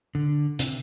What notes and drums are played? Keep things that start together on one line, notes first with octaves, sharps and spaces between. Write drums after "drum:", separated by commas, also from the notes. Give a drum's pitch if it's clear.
D3
C3, drum: hi-hat